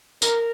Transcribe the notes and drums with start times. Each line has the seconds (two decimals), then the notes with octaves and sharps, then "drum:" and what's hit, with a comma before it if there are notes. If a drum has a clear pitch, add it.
0.22 A#4, drum: tambourine